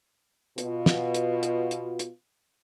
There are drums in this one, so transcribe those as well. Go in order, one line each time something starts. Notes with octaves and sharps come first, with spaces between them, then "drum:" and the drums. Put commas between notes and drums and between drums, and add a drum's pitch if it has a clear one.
B2 F4, drum: hi-hat
drum: snare
drum: hi-hat
drum: hi-hat
drum: hi-hat
drum: hi-hat